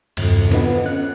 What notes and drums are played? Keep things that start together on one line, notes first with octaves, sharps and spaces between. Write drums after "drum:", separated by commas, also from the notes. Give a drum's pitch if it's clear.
E2 G2 C3 D#3, drum: cymbal
B3 D4 F4 B4 D#5 F#5, drum: snare
C#4 F#6